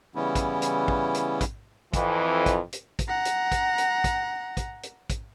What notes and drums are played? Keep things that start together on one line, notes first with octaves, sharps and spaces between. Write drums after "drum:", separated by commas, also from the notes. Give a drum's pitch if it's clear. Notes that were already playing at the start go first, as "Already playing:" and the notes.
C#3 E3 G3 B3 C#4 E4
drum: kick, hi-hat
drum: hi-hat
drum: kick
drum: hi-hat
drum: kick, hi-hat
F2 E3, drum: kick, hi-hat
drum: kick, hi-hat
drum: hi-hat
drum: kick, hi-hat
F#5 A#5
drum: hi-hat
drum: kick, hi-hat
drum: hi-hat
drum: kick, hi-hat
drum: kick, hi-hat
drum: hi-hat
drum: kick, hi-hat